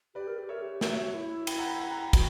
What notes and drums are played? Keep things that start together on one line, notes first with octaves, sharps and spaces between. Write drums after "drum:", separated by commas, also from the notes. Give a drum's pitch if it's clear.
G4 B4 D5
A#4
G4
A#4 C#5 E5
G4
F#4 C#5 E5, drum: snare
C#5 E5
E4
G5 B5, drum: cymbal
F#5 A#5
G5 B5
F#5 A#5
F#5 A#5
G5 B5
F#4 G5 B5, drum: kick, cymbal